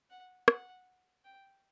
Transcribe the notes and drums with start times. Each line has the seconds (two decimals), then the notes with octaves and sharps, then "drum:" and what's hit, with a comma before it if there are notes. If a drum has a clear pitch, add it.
0.10 F#5
0.48 F#5, drum: rim click
1.24 G5